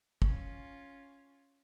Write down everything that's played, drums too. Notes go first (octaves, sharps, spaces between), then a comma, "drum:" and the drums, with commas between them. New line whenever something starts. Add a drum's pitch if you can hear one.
C#4 F4, drum: kick